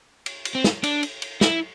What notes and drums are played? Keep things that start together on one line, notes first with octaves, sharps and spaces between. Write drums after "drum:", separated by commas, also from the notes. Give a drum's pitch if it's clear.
drum: cymbal
drum: cymbal
C4
drum: snare
D4, drum: cymbal
drum: cymbal
drum: cymbal
E4, drum: snare